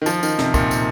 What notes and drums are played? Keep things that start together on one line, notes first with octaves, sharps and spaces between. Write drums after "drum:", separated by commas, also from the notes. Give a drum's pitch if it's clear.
D#3
F3, drum: tambourine
D#3, drum: tambourine
C3, drum: snare
A#2, drum: kick, tambourine
drum: tambourine